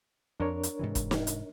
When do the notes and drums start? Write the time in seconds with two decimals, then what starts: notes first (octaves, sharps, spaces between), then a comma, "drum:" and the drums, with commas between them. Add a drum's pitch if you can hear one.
0.40 F2 D4 A#4 C#5
0.63 drum: hi-hat
0.79 G#2 C3 E3
0.95 drum: kick, hi-hat
1.11 drum: snare
1.27 drum: hi-hat